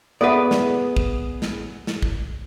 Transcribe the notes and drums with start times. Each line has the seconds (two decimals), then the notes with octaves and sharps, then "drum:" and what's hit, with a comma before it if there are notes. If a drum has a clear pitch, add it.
0.21 B3 G#4 A4 B4 D5 E5 F#5
0.51 drum: snare
0.97 drum: kick
1.42 drum: snare
1.87 drum: snare
2.03 drum: kick